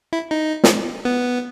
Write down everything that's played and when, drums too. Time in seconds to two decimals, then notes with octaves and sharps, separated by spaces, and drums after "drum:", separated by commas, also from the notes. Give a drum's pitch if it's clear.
0.13 E4
0.31 D#4
0.64 drum: snare
1.05 B3